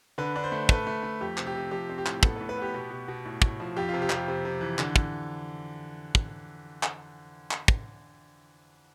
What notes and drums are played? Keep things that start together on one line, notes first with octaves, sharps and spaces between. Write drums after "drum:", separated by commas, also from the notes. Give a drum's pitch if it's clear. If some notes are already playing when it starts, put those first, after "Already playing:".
D3 B4
D4
C5
A3
A3 B4, drum: kick
A3
A3
F2 G4
C3, drum: clap
G4
C3
F3 G4
C4
G4
A2, drum: clap
B3 A4, drum: kick
B4
A2
B4
B3 G4
B2
B2
B2
A2
A2, drum: kick
F3
F2 G4
C3 F4
G4
F2, drum: clap
G4
C3
C3
E3
D3, drum: clap
drum: kick
drum: kick
drum: clap
drum: clap
drum: kick